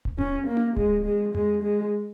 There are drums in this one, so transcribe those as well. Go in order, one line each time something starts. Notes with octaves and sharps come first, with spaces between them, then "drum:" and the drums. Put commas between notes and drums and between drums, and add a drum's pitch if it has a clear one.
drum: kick D1
C#4, drum: tom E2
A#3
drum: tom C#4
G#3, drum: kick D1
G#3
G#3, drum: tom E2
G#3